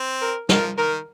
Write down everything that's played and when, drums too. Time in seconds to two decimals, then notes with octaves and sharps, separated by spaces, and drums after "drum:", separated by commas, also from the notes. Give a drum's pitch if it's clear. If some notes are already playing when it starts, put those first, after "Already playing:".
Already playing: C4
0.21 A#4
0.49 F3 A#4, drum: snare
0.78 D#3 A#4